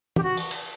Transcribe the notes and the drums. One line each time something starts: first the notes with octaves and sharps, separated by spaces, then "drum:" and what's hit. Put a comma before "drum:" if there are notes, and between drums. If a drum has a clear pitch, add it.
G4, drum: tom
F#4
drum: open hi-hat
drum: cymbal